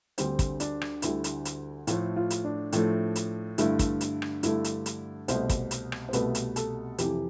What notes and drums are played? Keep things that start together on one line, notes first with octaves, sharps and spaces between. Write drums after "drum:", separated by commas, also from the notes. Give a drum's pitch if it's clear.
D2 D3 G3 C4, drum: hi-hat
drum: kick, hi-hat
D4, drum: hi-hat
drum: rim click
D2 D3 G3 E4, drum: hi-hat
drum: hi-hat
drum: hi-hat
A2 F3 A3 F4, drum: hi-hat
F4
drum: hi-hat
D4
A2 F3 A3, drum: hi-hat
drum: hi-hat
G2 D3 A3 E4, drum: hi-hat
drum: kick, hi-hat
drum: hi-hat
drum: rim click
G2 D3 A3 E4, drum: hi-hat
drum: hi-hat
drum: hi-hat
C2 B2 A3 C5, drum: hi-hat
drum: kick, hi-hat
drum: hi-hat
drum: rim click
C5
C2 B2 A3 B4, drum: hi-hat
drum: hi-hat
A4, drum: hi-hat
F2 C3 E3 G4, drum: hi-hat